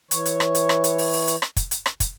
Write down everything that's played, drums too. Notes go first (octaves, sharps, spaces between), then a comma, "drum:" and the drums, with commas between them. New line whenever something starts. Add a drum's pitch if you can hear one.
E3 C#5, drum: hi-hat
drum: hi-hat
drum: rim click
drum: hi-hat
drum: rim click
drum: hi-hat
drum: open hi-hat
drum: open hi-hat
drum: hi-hat
drum: rim click
drum: kick, hi-hat
drum: hi-hat
drum: rim click
drum: kick, hi-hat